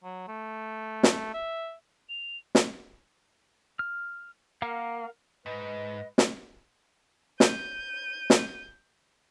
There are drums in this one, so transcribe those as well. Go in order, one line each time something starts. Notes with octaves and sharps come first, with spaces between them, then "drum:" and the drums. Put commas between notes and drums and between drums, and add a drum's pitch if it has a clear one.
F#3
A3
drum: snare
E5
F7
drum: snare
F6
A#3 A#4 F5 F#5
G#2 B4 D#5
drum: snare
G6 D#7, drum: snare
drum: snare